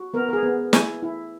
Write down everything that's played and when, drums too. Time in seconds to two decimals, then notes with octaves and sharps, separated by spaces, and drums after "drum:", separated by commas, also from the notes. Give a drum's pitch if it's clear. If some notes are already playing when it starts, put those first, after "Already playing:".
Already playing: F#4
0.14 B3 A#4
0.29 A#4
0.33 G#4
0.43 B3
0.73 E4 G#5, drum: snare
1.03 E4